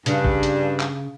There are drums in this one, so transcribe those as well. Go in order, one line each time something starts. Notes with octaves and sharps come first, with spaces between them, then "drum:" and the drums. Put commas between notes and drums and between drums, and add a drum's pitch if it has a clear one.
G2 C#3 D4, drum: hi-hat
drum: kick A#1
drum: hi-hat
drum: clap